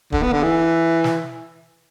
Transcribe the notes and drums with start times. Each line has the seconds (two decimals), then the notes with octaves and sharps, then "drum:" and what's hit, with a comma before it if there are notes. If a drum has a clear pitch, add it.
0.12 D3, drum: kick
0.23 B3
0.32 D3
0.43 E3
1.04 drum: snare